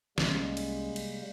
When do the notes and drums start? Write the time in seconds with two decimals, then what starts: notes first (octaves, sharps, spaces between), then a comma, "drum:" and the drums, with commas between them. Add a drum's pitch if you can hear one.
0.18 C2 C3 G3 G#3 A#3 C#4, drum: snare
0.57 drum: cymbal
0.96 drum: cymbal